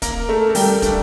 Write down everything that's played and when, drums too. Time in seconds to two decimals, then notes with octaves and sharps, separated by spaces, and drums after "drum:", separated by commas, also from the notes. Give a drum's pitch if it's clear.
0.02 A#3 A#4, drum: kick, hi-hat
0.29 A3 A4
0.50 A4
0.55 G3 G4, drum: open hi-hat
0.82 D4, drum: kick, hi-hat